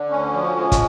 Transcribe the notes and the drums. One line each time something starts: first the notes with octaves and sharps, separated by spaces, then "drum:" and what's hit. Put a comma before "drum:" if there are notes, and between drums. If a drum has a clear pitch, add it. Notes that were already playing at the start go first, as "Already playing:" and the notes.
Already playing: D3
D2 C#4
F3
G#3
drum: kick, hi-hat